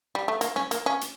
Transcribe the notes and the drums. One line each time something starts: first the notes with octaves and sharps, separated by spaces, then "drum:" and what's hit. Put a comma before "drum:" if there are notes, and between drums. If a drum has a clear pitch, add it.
G3
A3
A#3, drum: hi-hat
C#4, drum: snare
A#3, drum: hi-hat
C#4
drum: hi-hat